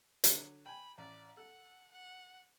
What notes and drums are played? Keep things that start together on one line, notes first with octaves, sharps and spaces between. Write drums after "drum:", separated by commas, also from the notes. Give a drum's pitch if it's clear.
D3 F#3, drum: hi-hat
G5 G#5 B5
A1 D5
A4 F#5
F#5